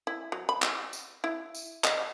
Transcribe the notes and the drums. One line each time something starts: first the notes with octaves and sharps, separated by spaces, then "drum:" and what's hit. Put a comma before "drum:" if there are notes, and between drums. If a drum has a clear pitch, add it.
E4
F#3
B5
drum: clap
drum: tambourine
E4
drum: tambourine
D#5, drum: clap